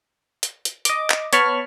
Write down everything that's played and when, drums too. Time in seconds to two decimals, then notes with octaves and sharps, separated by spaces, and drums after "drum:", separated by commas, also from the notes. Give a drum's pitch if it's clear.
0.43 drum: hi-hat
0.65 drum: hi-hat
0.85 D#5 D6, drum: hi-hat
1.10 drum: clap
1.33 B3 C#5 A5 B5 C#6 F6, drum: hi-hat